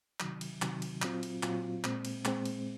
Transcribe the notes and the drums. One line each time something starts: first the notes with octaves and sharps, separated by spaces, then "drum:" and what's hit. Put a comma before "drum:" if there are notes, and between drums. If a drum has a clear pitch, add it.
C3 D#3 F#3, drum: clap
drum: cymbal
C3 D#3 F#3, drum: clap
drum: cymbal
A#2 F#3 C4 F4, drum: clap
drum: cymbal
A#2 F#3 C4 F4, drum: clap
A#2 G#3 C4, drum: clap
drum: cymbal
A#2 G#3 C4, drum: clap
drum: cymbal